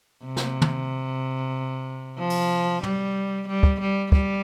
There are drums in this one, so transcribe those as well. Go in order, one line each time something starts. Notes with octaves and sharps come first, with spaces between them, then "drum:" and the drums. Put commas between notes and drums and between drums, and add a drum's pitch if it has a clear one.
C3
drum: snare
drum: tom
F3
drum: open hi-hat
G3, drum: tom
G3
drum: kick
G3
G3, drum: kick